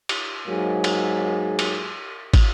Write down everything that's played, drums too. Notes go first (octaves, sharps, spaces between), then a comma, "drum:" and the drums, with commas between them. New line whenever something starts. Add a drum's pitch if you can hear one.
drum: cymbal
G#2 F#3 A#3 G#4
drum: cymbal
drum: cymbal
drum: kick, cymbal